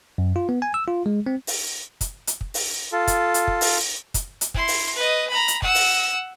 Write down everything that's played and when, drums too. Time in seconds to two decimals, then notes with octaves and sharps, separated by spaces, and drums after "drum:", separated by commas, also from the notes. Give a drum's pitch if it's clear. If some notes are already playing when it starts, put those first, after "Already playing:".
0.18 F#2
0.36 F4
0.49 B3
0.62 G#5
0.74 E6
0.88 F4
1.06 G#3
1.26 C4
1.47 drum: open hi-hat
2.01 drum: kick, hi-hat
2.27 drum: hi-hat
2.41 drum: kick
2.54 drum: open hi-hat
2.92 F4 A4
3.07 drum: kick, hi-hat
3.34 drum: hi-hat
3.48 drum: kick
3.61 drum: open hi-hat
4.14 drum: kick, hi-hat
4.41 drum: hi-hat
4.54 E4 C6, drum: kick
4.68 drum: open hi-hat
4.95 B4 D#5
5.29 A#5 B5
5.48 drum: hi-hat
5.62 F#5 E6, drum: kick
5.75 drum: open hi-hat